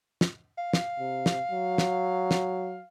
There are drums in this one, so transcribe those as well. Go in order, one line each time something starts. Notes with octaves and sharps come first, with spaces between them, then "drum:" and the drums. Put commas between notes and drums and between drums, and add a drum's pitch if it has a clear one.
drum: snare
F5
drum: snare
C3
drum: snare
F#3
drum: snare
drum: snare